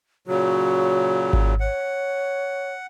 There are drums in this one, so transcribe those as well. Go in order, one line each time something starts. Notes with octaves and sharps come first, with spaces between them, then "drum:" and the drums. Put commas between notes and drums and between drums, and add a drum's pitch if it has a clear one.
A#2 C#3 F#3 F#4
drum: kick G#1
C#5 F#5